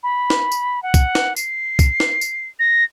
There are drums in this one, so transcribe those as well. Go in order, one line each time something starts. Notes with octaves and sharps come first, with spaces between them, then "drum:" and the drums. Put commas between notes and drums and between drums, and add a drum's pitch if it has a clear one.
B5
drum: snare
drum: tambourine
F#5
drum: kick, tambourine
drum: snare
C7, drum: tambourine
drum: kick, tambourine
drum: snare
drum: tambourine
A#6